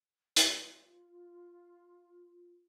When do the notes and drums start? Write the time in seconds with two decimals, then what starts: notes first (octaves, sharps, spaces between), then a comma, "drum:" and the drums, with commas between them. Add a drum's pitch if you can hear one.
0.36 B4 C#5, drum: hi-hat
0.55 F4